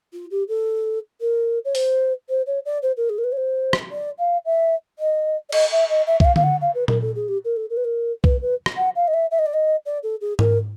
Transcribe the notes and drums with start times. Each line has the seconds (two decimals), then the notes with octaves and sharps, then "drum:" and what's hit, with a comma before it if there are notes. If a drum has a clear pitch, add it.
0.13 F4
0.31 G4
0.48 A4
1.21 A#4
1.65 C#5
1.75 C5, drum: open hi-hat
2.29 C5
2.46 C#5
2.65 D5
2.82 C5
2.97 A#4
3.09 G#4
3.18 A#4
3.24 B4
3.32 C#5
3.37 C5
3.73 drum: rim click
3.91 D5
4.19 F5
4.45 E5
4.99 D#5
5.49 D5
5.52 D#5, drum: cymbal
5.72 E5
5.89 D#5
6.07 E5
6.20 E5, drum: kick B1
6.25 F5
6.36 F5, drum: tom D3
6.43 F#5
6.61 F5
6.74 B4
6.88 A#4, drum: tom A#2
7.02 A4
7.15 G#4
7.28 G4
7.44 A#4
7.56 A4
7.70 A#4
7.77 B4
7.84 A#4
8.24 B4, drum: kick B1
8.42 B4
8.66 drum: rim click
8.77 F#5
8.96 F5
9.07 D#5
9.13 E5
9.31 E5
9.39 D#5
9.46 D5
9.54 D#5
9.86 D5
10.03 A4
10.21 G#4
10.39 A#4, drum: tom G#2